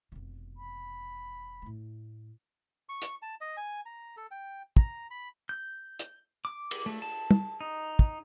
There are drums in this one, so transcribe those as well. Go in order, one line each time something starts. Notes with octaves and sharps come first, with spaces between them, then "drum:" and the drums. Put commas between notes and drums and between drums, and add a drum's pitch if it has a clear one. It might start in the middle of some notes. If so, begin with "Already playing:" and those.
F1 B2
B5
A2 A3
C#6
drum: hi-hat
A5
D#5
G#5
A#5
A4
G5
A#5, drum: kick
B5
G6
drum: hi-hat
D6
drum: cymbal
A3
A5
drum: tom
D#4
drum: kick